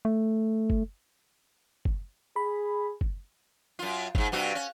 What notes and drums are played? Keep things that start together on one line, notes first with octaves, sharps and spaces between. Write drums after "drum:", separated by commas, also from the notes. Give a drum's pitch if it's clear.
A3
drum: kick F#1
drum: kick F#1
G#4 B5
drum: kick F#1
F#2 F4
F2 G#2, drum: kick F#1
G2 C3 F#4
C#4